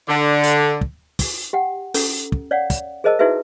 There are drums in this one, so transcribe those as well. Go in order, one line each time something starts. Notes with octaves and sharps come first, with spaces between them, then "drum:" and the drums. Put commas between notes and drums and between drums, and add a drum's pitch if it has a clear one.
D3
drum: hi-hat
drum: kick
drum: kick, open hi-hat
G4 F#5 G5
C#4 A4 A#5, drum: open hi-hat
drum: kick
C#5 D5 F5 F#5
drum: kick, hi-hat
G#4 A#4 C5 D#5 A5 E6
D#4 E4 F#4 G#4 B4 E5